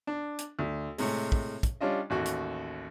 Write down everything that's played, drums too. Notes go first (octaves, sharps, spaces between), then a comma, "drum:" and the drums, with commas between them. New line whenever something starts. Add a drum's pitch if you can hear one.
D4
drum: hi-hat
D2
A2 C3 G#3, drum: open hi-hat
drum: kick
drum: kick, hi-hat
G3 C#4 D4 F4 D#5
A1 D#2 F#4
drum: hi-hat